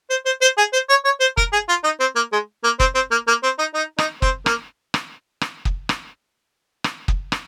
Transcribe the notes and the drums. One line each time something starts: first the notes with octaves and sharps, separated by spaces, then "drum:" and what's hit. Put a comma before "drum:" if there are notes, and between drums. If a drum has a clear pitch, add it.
C5
C5
C5
G#4
C5
C#5
C#5
C5
A#4, drum: kick
G#4
F4
D#4
C4
A#3
G#3
A#3
C4, drum: kick
C4
A#3
A#3
C4
D#4
D#4
D#4, drum: rim click
C4, drum: kick
A#3, drum: rim click
drum: rim click
drum: rim click
drum: kick
drum: rim click
drum: rim click
drum: kick
drum: rim click